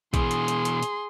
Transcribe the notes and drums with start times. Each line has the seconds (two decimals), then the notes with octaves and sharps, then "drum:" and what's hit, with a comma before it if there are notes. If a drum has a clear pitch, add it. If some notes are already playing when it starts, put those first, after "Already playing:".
0.14 B2 E3 G#4 C6, drum: kick A#1, hi-hat
0.31 drum: hi-hat
0.48 drum: hi-hat
0.65 drum: hi-hat
0.83 drum: hi-hat